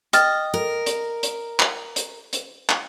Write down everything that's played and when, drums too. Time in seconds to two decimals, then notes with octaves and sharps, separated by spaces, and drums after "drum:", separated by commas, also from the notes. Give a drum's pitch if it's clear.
0.13 D#5 G5 F6 A6, drum: hi-hat
0.54 A#4
0.86 drum: hi-hat
1.23 drum: hi-hat
1.60 drum: clap
1.96 drum: hi-hat
2.33 drum: hi-hat
2.69 drum: clap